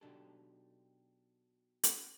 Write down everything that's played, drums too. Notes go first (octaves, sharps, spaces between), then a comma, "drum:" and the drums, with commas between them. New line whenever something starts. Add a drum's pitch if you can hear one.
B2 F#3 D4 D#4 G4 A4
drum: hi-hat